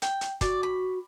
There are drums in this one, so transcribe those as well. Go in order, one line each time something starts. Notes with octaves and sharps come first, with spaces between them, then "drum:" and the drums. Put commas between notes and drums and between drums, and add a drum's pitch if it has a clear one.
G5, drum: hi-hat
drum: hi-hat
F#4 D5, drum: kick, hi-hat
B5